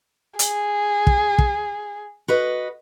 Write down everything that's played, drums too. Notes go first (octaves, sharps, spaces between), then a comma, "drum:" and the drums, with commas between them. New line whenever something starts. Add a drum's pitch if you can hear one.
G#4, drum: hi-hat
drum: kick
drum: kick
F#4 B4 D#5